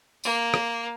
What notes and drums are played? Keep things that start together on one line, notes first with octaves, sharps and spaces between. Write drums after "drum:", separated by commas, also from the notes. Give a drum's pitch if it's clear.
A#3, drum: tambourine
drum: rim click